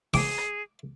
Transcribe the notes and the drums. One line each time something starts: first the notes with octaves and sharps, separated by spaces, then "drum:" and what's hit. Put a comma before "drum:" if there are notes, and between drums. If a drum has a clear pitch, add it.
G#4 D6, drum: kick, open hi-hat
drum: rim click